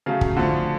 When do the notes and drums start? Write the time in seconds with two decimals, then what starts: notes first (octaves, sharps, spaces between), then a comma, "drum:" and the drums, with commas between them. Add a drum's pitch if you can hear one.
0.06 C#3 F#3 A3 F5
0.21 drum: kick
0.37 D3 F3 A3